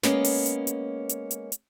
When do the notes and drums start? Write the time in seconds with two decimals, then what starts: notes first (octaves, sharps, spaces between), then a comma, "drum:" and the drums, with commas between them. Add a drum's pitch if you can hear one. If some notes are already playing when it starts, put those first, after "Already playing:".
0.03 G#3 A#3 B3 C#4 C#5, drum: snare
0.24 drum: open hi-hat
0.46 drum: hi-hat
0.67 drum: hi-hat
1.09 drum: hi-hat
1.31 drum: hi-hat
1.52 drum: hi-hat